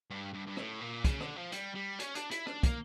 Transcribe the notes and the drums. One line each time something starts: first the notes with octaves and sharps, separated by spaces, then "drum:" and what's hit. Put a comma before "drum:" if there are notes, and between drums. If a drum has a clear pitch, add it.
G2
G2
G2
A2, drum: rim click
A#2
C#3, drum: kick, hi-hat
D3, drum: rim click
F3
G3, drum: hi-hat
G3
C#4, drum: hi-hat
D4, drum: hi-hat
E4, drum: hi-hat
D4, drum: rim click
A#3, drum: kick, hi-hat